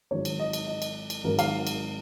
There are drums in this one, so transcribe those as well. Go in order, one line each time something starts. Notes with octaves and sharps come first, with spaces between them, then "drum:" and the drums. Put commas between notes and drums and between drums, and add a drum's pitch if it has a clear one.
G#1 G#2 D#3 F#3 C#5
drum: cymbal
D#5
drum: cymbal
D#5
drum: cymbal
drum: cymbal
G#1 G#2 D#3 F#3 A#4
F5, drum: cymbal
drum: cymbal